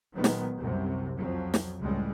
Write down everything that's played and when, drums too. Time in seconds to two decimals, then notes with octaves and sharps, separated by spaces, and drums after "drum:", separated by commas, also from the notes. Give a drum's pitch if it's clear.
0.13 A#2 D#3 F#3 G#3 B3
0.24 drum: snare
0.59 C2 F#2 C3
1.18 F2 F3 F#3
1.54 drum: snare
1.80 C#2 A2 G3 G#3